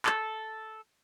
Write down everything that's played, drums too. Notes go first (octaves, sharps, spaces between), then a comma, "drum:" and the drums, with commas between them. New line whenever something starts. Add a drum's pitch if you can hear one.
A4, drum: clap